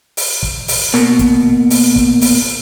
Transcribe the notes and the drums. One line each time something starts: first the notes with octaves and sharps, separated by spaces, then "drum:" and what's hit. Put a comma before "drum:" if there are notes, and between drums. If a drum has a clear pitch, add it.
drum: open hi-hat
drum: kick
drum: open hi-hat
B2 A#3, drum: snare
drum: kick, hi-hat
drum: open hi-hat
drum: kick
drum: open hi-hat